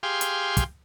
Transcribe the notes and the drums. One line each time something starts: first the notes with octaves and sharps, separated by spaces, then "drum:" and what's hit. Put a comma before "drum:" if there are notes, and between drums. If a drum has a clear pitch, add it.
G4 G#4 F5 C6
drum: hi-hat
drum: kick, hi-hat